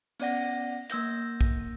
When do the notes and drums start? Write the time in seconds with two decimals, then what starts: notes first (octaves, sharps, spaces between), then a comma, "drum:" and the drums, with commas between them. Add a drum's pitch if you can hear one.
0.20 B3 C#4 D5 F#5 A#6, drum: open hi-hat
0.90 A#3 E6 G6 A#6, drum: hi-hat
1.41 drum: kick